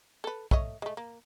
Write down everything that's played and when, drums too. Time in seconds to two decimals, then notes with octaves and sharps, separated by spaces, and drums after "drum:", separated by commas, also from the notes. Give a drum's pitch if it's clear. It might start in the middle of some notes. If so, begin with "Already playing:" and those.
0.24 A4 B4
0.51 A3 C#5 D#5, drum: kick
0.82 G#3 A3
0.97 A#3